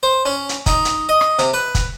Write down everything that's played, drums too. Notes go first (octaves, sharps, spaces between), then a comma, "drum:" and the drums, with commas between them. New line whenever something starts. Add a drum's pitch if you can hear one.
C5
C#4
drum: hi-hat
D#4, drum: kick, hi-hat
drum: hi-hat
D#5
drum: rim click
C3, drum: hi-hat
B4
drum: kick, hi-hat